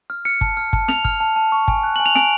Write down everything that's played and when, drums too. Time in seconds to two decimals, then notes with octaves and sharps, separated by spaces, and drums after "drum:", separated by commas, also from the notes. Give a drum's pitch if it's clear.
0.10 F6
0.25 F6 C#7
0.41 A5, drum: kick
0.57 F6
0.73 A5, drum: kick
0.88 F6 F7, drum: snare
1.05 F6, drum: kick
1.20 A5
1.36 A5
1.52 C#6
1.68 G#5, drum: kick
1.83 F#6
1.96 G#5 F#7
2.06 F7
2.15 G#5 D7, drum: snare